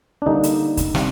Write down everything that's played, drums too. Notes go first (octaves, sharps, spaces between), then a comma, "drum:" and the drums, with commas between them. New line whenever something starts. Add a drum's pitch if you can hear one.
D4
D3 G3 A#3 D#4
drum: hi-hat
drum: kick, hi-hat
C3 G3 C4, drum: snare